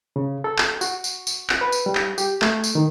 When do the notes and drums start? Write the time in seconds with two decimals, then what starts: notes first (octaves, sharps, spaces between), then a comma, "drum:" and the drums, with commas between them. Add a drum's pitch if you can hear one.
0.16 C#3
0.44 A4
0.58 drum: clap
0.81 F#4, drum: tambourine
1.04 drum: tambourine
1.27 drum: tambourine
1.50 drum: clap
1.61 B4
1.72 drum: tambourine
1.86 G3
1.95 drum: clap
2.18 G4, drum: tambourine
2.42 A3, drum: clap
2.64 drum: tambourine
2.75 D#3